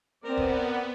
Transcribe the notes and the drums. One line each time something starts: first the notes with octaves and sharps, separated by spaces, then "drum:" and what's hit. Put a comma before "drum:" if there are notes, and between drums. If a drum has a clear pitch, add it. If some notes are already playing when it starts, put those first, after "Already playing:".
B3 C4 A#4 D5
drum: kick E1